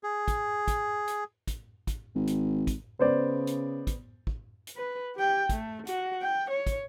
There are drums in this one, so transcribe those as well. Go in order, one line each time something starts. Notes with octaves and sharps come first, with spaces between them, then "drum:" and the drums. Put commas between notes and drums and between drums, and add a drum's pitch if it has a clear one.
G#4
drum: kick, hi-hat
drum: kick, hi-hat
drum: hi-hat
drum: kick, hi-hat
drum: kick, hi-hat
G#1
drum: hi-hat
drum: kick, hi-hat
C#3 B3 C5 D5
drum: hi-hat
drum: kick, hi-hat
drum: kick
drum: hi-hat
B4
G4 G5
A3, drum: kick, hi-hat
F#4, drum: hi-hat
G5
C#5
drum: kick, hi-hat